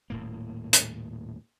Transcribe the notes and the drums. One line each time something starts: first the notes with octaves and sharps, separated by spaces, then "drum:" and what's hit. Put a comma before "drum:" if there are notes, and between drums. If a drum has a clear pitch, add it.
D#1 A2 A#3
drum: hi-hat